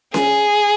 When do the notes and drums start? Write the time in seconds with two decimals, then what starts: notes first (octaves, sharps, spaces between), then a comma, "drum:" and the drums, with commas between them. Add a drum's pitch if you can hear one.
0.14 G#4, drum: snare C#4